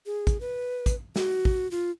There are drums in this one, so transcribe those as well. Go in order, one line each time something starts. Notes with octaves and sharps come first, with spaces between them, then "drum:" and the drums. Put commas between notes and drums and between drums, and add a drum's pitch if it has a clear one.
G#4
drum: kick, hi-hat
B4
drum: kick, hi-hat
F#4, drum: snare
drum: kick
F4